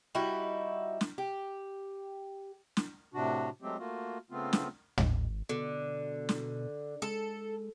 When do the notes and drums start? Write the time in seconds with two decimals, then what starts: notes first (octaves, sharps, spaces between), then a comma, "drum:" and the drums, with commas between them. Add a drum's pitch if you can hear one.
0.15 G3 D#4 E4 F#4
1.01 drum: snare
1.18 G4
2.77 drum: snare
3.14 A2 C3 D4 F#4
3.62 F#3 G#3 A3 C4 G4
3.78 A3 A#3 F4 F#4
4.31 C#3 A3 B3 C4 F4
4.53 drum: snare
4.98 G#1, drum: tom
5.49 B2 D3
6.29 drum: snare
7.02 G#3 A4